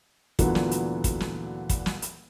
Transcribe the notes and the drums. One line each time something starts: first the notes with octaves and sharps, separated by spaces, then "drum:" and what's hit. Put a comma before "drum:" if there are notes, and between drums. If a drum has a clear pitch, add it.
D2 A#2 D3 E3 F#3 B3, drum: kick, hi-hat
drum: snare
drum: hi-hat
drum: kick, hi-hat
drum: snare
drum: kick, hi-hat
drum: snare
drum: hi-hat